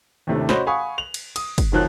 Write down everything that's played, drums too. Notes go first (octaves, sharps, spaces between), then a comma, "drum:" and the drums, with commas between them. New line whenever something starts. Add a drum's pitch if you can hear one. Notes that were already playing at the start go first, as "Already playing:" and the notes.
D#2 A2 C3 A3 D4
C#4 F#4 C5 D#5 B5, drum: snare
F5 F#5 G#5 B5 C#6 D#6
F7 F#7
drum: cymbal
D#6, drum: cymbal
drum: kick, cymbal
D1 F2 D#3 F3 F#3 F#6